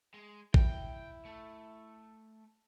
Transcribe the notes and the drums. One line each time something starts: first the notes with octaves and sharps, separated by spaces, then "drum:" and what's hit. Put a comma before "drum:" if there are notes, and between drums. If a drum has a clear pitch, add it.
G#3
E4 G5, drum: kick A1
A3